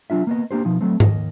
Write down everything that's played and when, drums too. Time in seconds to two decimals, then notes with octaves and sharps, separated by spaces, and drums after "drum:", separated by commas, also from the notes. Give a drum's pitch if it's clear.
0.10 F#3 D4 F4 E5
0.27 A#3 B3 D#5
0.51 A#3 D4 G4 C5
0.65 B2 F3 D#4
0.81 F#3 A3 C4
1.00 D#2 D#5, drum: tom G#2